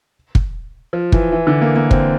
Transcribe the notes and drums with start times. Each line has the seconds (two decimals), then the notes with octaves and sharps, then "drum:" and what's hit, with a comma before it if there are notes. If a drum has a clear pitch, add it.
0.35 drum: kick
0.93 F3
1.12 E3, drum: kick
1.32 E3
1.47 D3
1.61 A#3
1.76 A#3
1.91 C4, drum: kick